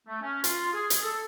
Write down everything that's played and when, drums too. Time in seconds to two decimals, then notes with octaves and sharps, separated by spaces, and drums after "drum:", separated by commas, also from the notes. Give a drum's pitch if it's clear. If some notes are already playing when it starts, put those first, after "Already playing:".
0.08 A3
0.22 C#4
0.44 F4, drum: hi-hat
0.74 G#4
0.90 drum: hi-hat
1.03 A4